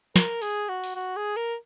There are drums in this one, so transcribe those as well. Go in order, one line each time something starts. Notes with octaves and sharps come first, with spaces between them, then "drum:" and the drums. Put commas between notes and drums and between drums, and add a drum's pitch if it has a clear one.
A#4, drum: snare
G#4, drum: open hi-hat
F#4
drum: open hi-hat
F#4
G#4
A#4